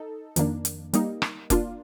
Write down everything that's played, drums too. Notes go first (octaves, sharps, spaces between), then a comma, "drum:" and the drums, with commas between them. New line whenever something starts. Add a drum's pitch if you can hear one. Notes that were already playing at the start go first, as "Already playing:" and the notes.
Already playing: D#4 A4
F2 D#3 A#3 D4, drum: hi-hat
drum: hi-hat
G3 A#3 D#4, drum: hi-hat
drum: rim click
A#3 D4 F4, drum: kick F1, hi-hat